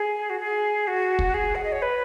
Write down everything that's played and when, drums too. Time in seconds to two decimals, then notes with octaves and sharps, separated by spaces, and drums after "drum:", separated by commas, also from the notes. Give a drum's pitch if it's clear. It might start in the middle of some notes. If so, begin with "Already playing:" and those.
Already playing: G#4
0.30 F#4
0.40 G#4
0.88 F#4
1.19 drum: kick
1.34 G#4
1.55 F#5
1.64 D#5
1.72 C#5
1.82 B4